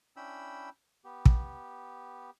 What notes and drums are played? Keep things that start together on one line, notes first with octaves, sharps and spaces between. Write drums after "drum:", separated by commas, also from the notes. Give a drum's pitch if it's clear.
C#4 D4 E4 G5 B5 E6
B3 G4
drum: kick